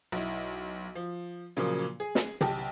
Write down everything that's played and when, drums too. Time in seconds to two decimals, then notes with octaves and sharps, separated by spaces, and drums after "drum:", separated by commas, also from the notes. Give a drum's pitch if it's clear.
0.12 B1 E4
0.95 F3
1.57 A#2 C#3 F3 F#3 A#3
2.00 G#4
2.15 drum: snare
2.41 B1 G4 A5, drum: tom